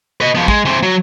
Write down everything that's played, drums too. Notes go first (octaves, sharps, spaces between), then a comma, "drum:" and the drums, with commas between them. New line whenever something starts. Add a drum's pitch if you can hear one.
B4 D#5
F3 B3
G#3, drum: kick
E3 C4
F#3